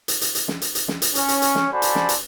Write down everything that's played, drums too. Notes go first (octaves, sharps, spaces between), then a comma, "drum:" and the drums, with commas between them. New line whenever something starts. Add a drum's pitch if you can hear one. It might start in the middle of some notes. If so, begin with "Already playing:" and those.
drum: hi-hat
drum: hi-hat
drum: hi-hat
drum: snare
drum: hi-hat
drum: hi-hat
drum: snare
drum: hi-hat
C#4, drum: hi-hat
drum: hi-hat
drum: hi-hat
drum: snare
F#4 A4 C5 D5 G#5 B5
drum: hi-hat
drum: snare
drum: hi-hat